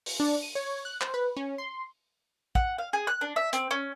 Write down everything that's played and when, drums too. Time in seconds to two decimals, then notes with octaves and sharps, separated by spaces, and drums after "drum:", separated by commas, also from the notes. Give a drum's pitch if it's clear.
0.06 drum: open hi-hat
0.20 D4
0.42 D#7
0.55 C#5
0.85 F#6
1.01 C5, drum: clap
1.14 B4
1.37 C#4
1.58 C6
2.55 F#5, drum: kick
2.78 F5
2.93 G#4
3.07 F#6
3.21 D4
3.36 E5
3.53 C4, drum: hi-hat
3.71 C#4